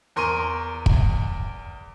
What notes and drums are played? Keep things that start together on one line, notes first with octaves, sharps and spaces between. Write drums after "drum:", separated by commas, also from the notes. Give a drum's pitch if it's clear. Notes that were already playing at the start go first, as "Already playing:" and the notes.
E2 A#4 C6 C#6 D#7
drum: kick